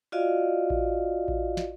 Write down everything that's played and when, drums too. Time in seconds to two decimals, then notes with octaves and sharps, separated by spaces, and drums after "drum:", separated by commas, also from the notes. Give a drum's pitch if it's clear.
0.12 F4 F#4 D5 D#5 F5
0.70 drum: kick A1
1.28 drum: kick A1
1.57 drum: snare